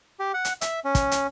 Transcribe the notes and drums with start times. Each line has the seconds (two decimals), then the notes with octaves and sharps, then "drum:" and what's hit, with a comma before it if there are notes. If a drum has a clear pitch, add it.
0.19 G4
0.34 F#5
0.45 drum: hi-hat
0.61 E5, drum: hi-hat
0.85 C#4
0.95 drum: kick, hi-hat
1.11 drum: hi-hat